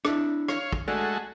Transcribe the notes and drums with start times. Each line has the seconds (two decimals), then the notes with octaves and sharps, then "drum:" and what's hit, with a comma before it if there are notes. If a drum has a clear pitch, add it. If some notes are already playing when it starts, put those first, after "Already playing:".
0.05 D4 E4, drum: rim click
0.48 C#5 F5, drum: rim click
0.73 drum: kick
0.88 G#3 A3 F#4 A4 D5